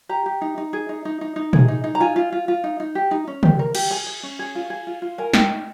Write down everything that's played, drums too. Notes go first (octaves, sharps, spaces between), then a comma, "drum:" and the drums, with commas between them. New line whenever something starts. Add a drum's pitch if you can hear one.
G4 A#5
G4
D#4
D#4
G#4
D#4
D#4
D#4
D#4
G#4, drum: tom
D#4
D#4
A#5
F4 G#5
F4
F4
F4
D#4
D#4
G4
D#4
C#4
G4, drum: tom
A#4
G4, drum: cymbal
G#4 G#5
G#4
C#4
G#4
F4
G#4
F4
F4
A#4 G#5
D#4 G5, drum: snare
D#4